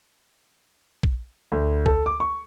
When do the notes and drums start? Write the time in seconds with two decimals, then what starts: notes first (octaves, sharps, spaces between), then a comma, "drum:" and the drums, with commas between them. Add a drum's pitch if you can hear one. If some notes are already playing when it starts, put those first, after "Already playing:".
1.03 drum: kick A#1
1.52 D2
1.86 A4, drum: kick A#1
2.06 D6
2.20 C#6